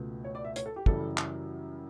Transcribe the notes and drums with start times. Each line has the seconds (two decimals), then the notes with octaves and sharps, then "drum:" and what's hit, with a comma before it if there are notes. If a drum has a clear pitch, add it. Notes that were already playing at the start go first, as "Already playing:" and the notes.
Already playing: C#2 B2 A3
0.25 C#5
0.35 D5
0.45 E5
0.56 C#5, drum: hi-hat
0.66 A4
0.76 G4
0.86 F#2 C#3 E3 G3 A4, drum: kick
1.18 drum: clap